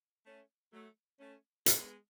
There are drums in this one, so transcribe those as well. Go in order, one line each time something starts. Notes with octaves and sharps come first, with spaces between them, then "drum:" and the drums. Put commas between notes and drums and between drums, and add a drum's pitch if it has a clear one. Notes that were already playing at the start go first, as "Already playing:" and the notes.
A3 C#4
F#3 A3
A3 C#4
G#3 B3, drum: hi-hat